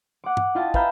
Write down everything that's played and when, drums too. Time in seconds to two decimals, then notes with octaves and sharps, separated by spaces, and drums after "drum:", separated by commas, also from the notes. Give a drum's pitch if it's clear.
0.24 F#5 D6
0.37 drum: tom
0.55 E4 F4 D#5 G5 A5
0.74 B4 E5 F5 A#5 B5 G6, drum: kick